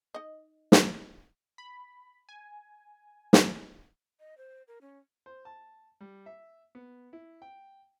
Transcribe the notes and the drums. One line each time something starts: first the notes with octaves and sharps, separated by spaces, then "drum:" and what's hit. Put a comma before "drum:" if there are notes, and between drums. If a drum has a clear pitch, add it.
D#4 D#5
drum: snare
B5
G#5
drum: snare
D#5
C5
A#4
C#4
C5
A5
G3
E5
B3
E4
G5